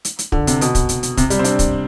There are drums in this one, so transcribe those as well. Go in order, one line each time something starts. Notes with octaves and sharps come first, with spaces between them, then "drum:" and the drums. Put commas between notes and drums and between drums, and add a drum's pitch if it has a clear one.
drum: hi-hat
drum: hi-hat
D3, drum: kick
C3, drum: hi-hat
B2, drum: hi-hat
drum: kick, hi-hat
drum: hi-hat
drum: hi-hat
C3, drum: kick, hi-hat
G3, drum: hi-hat
C4
D4, drum: hi-hat
drum: kick, hi-hat